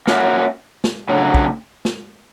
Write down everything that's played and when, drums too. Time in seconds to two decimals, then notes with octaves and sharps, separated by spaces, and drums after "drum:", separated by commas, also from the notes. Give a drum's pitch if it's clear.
0.07 A#3 C#4 F#4 B4 E5, drum: snare
0.84 drum: snare
1.09 C#3 F#3 A3 D4
1.34 drum: kick
1.85 drum: snare